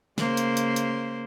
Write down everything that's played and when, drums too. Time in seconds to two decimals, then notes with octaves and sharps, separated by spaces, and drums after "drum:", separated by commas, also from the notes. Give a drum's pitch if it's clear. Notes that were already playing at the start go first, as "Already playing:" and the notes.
0.18 C#3 A#3 C5, drum: snare
0.37 drum: hi-hat
0.57 drum: hi-hat
0.76 drum: hi-hat